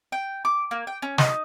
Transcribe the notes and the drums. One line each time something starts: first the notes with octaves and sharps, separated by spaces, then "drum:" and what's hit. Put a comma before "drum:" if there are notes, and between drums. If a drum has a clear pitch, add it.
G5
D6
A#3
G5
C#4
D#4, drum: snare